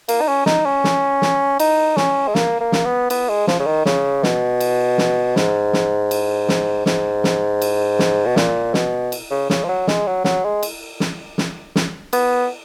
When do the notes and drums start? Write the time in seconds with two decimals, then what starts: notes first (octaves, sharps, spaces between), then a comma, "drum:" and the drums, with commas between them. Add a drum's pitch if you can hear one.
0.09 A#3, drum: cymbal
0.21 D#4
0.28 C#4
0.46 D#4, drum: snare
0.66 C#4
0.84 drum: snare
1.22 drum: snare
1.59 D#4, drum: cymbal
1.97 C#4, drum: snare
2.27 G#3
2.35 A#3, drum: snare
2.60 A#3
2.72 drum: snare
2.85 B3
3.10 B3, drum: cymbal
3.29 G#3
3.47 F3, drum: snare
3.60 C#3
3.66 D#3
3.85 C#3, drum: snare
4.23 B2, drum: snare
4.60 drum: cymbal
4.98 drum: snare
5.36 G#2, drum: snare
5.73 drum: snare
6.11 drum: cymbal
6.49 drum: snare
6.86 G#2, drum: snare
7.24 drum: snare
7.62 drum: cymbal
7.99 drum: snare
8.26 B2
8.36 A#2, drum: snare
8.74 B2, drum: snare
9.12 drum: cymbal
9.30 C#3
9.50 C#3, drum: snare
9.64 F3
9.69 F#3
9.87 G#3, drum: snare
10.07 F#3
10.24 F#3, drum: snare
10.44 G#3
10.63 drum: cymbal
11.00 drum: snare
11.38 drum: snare
11.76 drum: snare
12.13 B3, drum: cymbal